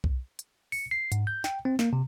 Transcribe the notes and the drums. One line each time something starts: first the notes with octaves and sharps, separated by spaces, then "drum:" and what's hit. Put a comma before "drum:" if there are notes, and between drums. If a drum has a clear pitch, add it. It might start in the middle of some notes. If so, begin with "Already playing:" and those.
drum: kick B1
drum: hi-hat
C#7, drum: open hi-hat
C7
G#2, drum: hi-hat
G6
G5, drum: snare
C4
A#3, drum: snare
C3